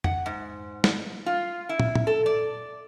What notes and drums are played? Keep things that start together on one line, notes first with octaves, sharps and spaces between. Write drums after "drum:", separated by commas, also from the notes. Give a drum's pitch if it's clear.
F#5, drum: tom F2
G#2
drum: snare
F4
E4
drum: tom
drum: tom
A4
D5